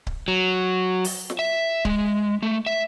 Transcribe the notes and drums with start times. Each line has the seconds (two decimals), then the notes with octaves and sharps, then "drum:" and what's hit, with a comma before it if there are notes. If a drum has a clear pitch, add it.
0.07 drum: kick C#1
0.28 F#3
1.04 drum: open hi-hat
1.30 drum: snare
1.39 E5
1.85 G#3, drum: kick C#1
2.43 A3
2.66 E5